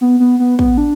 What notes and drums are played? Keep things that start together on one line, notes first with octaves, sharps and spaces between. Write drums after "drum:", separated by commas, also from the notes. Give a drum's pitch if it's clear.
B3
B3
B3
B3, drum: kick
D4